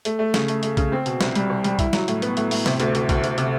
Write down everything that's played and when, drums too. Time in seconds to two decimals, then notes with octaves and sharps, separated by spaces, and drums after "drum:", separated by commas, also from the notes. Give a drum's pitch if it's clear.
0.05 A3, drum: hi-hat
0.19 A3
0.34 C#3, drum: snare
0.48 A3, drum: hi-hat
0.63 A3, drum: hi-hat
0.77 C#3, drum: kick, hi-hat
0.92 C4
1.06 B2, drum: hi-hat
1.21 C2, drum: snare
1.35 G3, drum: hi-hat
1.50 C2
1.64 G3, drum: hi-hat
1.79 E4, drum: kick, hi-hat
1.93 F#3, drum: snare
2.08 A2, drum: hi-hat
2.22 B3, drum: hi-hat
2.37 A2, drum: hi-hat
2.51 A2, drum: open hi-hat
2.66 C3, drum: snare
2.80 D2, drum: hi-hat
2.95 D2, drum: hi-hat
3.09 D2, drum: kick, hi-hat
3.24 D2, drum: hi-hat
3.38 C3, drum: hi-hat